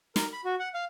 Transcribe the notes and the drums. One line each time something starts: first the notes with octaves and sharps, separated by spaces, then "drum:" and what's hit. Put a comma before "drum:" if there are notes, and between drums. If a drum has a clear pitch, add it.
A#4, drum: snare
B5
F#4
F#5
F5